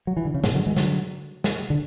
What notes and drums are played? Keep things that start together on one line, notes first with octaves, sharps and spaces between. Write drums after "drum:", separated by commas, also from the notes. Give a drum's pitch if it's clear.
F#3
E3
D3
C#3
G#2 B2, drum: snare
D3 F#3
E3 G#3
D3 F#3, drum: snare
drum: snare
D3